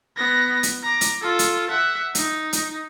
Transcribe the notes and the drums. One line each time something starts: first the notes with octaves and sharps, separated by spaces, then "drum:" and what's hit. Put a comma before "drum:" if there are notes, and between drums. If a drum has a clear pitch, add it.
B3 A#6
drum: hi-hat
A#5 D6
drum: hi-hat
F4 A4
drum: hi-hat
E5 F#5
D#4, drum: hi-hat
drum: hi-hat